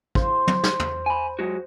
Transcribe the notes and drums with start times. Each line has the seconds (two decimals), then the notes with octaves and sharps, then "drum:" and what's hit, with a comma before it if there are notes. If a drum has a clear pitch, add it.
0.15 C5, drum: kick
0.47 drum: tom
0.63 drum: snare
0.80 drum: tom
1.06 G#5 B5
1.39 F#3 G#3 F#4